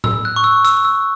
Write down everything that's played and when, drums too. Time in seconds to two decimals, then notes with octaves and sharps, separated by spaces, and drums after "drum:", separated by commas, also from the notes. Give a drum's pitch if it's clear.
0.04 E6, drum: tom A2
0.25 F#6
0.36 C#6
0.44 E6
0.65 E6, drum: hi-hat
0.85 E6